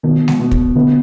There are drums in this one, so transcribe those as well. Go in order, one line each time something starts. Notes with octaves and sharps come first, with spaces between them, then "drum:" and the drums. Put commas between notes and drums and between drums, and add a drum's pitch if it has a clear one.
B2 D#3
drum: snare G#3
B2
drum: kick
D3 B3